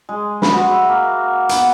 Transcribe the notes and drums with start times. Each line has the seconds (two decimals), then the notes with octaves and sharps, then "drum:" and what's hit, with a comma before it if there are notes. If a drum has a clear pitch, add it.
0.09 G#3
0.42 B5, drum: snare
0.54 F#4
0.71 E5
0.89 A#3
1.49 B3, drum: hi-hat